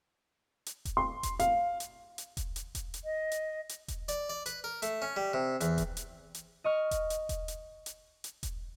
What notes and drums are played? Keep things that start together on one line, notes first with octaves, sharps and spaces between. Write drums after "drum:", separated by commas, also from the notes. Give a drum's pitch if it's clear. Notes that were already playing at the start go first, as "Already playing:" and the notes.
drum: hi-hat
drum: kick E1, hi-hat
C6
drum: kick E1, hi-hat
F5, drum: hi-hat
drum: hi-hat
drum: hi-hat
drum: kick E1, hi-hat
drum: hi-hat
drum: kick E1, hi-hat
drum: hi-hat
D#5
drum: hi-hat
drum: hi-hat
drum: kick E1, hi-hat
D5, drum: hi-hat
D5
B4, drum: hi-hat
A#4
A3, drum: hi-hat
C#4
G3
C3
E2, drum: hi-hat
drum: kick E1, hi-hat
drum: hi-hat
drum: hi-hat
D#5 C#6 F6
drum: kick E1, hi-hat
drum: hi-hat
drum: kick E1, hi-hat
drum: hi-hat
drum: hi-hat
drum: hi-hat
drum: kick E1, hi-hat